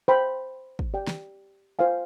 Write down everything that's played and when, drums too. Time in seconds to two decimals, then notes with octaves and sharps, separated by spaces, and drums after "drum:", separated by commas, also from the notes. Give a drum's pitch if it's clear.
0.08 C5 G5 B5
0.79 drum: kick
0.94 G4 D5 G5
1.07 drum: snare
1.79 F4 C5 F5 G#5